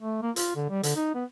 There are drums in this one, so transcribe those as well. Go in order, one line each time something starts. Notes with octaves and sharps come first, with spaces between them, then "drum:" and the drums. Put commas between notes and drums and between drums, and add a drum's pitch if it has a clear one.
A3
A#3
F4, drum: hi-hat
D3
G3
D3, drum: hi-hat
D#4
B3